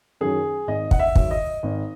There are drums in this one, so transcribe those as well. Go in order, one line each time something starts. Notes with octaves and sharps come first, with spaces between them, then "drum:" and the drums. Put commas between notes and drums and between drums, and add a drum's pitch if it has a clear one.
F#2 D#3 F#3 G#4
G#1 D#5
F#5, drum: kick
E5
G#2 D#3 F#3, drum: kick
D#5
G#1